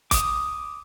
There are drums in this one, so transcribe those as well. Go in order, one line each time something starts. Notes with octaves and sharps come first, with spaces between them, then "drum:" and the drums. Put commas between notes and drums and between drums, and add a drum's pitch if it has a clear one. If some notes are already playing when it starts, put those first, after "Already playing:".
D6 D#6, drum: kick, hi-hat